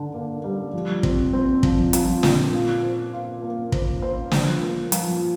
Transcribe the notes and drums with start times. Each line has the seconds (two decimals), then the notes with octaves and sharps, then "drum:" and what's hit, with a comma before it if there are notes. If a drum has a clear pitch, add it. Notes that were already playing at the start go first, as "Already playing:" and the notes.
Already playing: D3 D4
0.14 A#3
0.44 G3
0.74 F3
1.03 C4, drum: kick
1.33 C4
1.63 F3, drum: kick
1.93 F3, drum: hi-hat
2.23 A#2, drum: snare
2.53 F4
2.83 C5
3.13 F4
3.42 A#3
3.72 C5, drum: kick
4.02 C5
4.31 F3, drum: snare
4.62 A#3
4.92 F3, drum: hi-hat